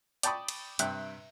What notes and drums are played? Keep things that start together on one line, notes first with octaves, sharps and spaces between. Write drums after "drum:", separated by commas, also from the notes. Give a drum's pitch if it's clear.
D5 G5 A5 B5 C#6 D#6, drum: hi-hat
drum: cymbal
G2 C3 E5 G5 F#6, drum: hi-hat